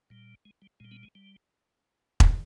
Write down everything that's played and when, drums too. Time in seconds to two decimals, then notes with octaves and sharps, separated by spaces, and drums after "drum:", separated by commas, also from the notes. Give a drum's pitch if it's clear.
0.10 A#2 G3
0.45 G#3
0.62 G3
0.80 A#2 G3 G#3
0.91 G#3 B3
1.03 G#3
1.15 G3
2.20 drum: kick E1